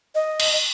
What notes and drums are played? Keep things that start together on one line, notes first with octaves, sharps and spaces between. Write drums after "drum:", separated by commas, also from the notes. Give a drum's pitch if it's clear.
D#5
drum: cymbal